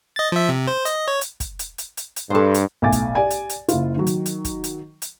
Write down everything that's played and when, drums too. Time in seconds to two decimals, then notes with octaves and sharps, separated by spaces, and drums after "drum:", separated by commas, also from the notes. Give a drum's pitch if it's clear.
0.16 D#5 A6
0.32 F3 E5
0.49 C3
0.67 C5
0.85 D#5, drum: hi-hat
1.08 C#5
1.21 drum: hi-hat
1.40 drum: kick, hi-hat
1.59 drum: hi-hat
1.78 drum: hi-hat
1.97 drum: hi-hat
2.16 drum: hi-hat
2.30 G2 A4 C5
2.54 drum: hi-hat
2.82 B1 A2 E5 G#5 D6 A6
2.92 drum: kick, hi-hat
3.15 G4 D5 G#5
3.30 drum: hi-hat
3.49 drum: hi-hat
3.68 F#1 E4 F4, drum: hi-hat
3.96 D#3 F#3
4.07 drum: hi-hat
4.26 drum: hi-hat
4.45 drum: kick, hi-hat
4.64 drum: hi-hat
5.02 drum: hi-hat